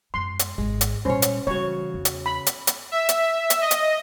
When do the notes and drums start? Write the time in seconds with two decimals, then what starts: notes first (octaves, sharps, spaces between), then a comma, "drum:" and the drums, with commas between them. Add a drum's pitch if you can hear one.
0.14 F#2 G#3 C6
0.39 drum: hi-hat
0.58 G#1 D#3 G#3
0.81 drum: hi-hat
1.05 A#2 G3 C#4 C5 C#5
1.22 drum: hi-hat
1.47 C#3 E3 G3 F#4 C#5
1.94 E2
2.05 drum: hi-hat
2.26 B5
2.46 drum: hi-hat
2.67 drum: hi-hat
2.92 E5
3.09 drum: hi-hat
3.50 drum: hi-hat
3.61 D#5
3.71 drum: hi-hat